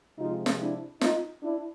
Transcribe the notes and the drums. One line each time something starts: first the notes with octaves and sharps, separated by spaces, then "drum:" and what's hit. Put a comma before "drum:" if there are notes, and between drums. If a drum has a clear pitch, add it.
C3 F3 G#3 D#4 F4
drum: snare
D4 E4
D#4 F4, drum: snare
D4 E4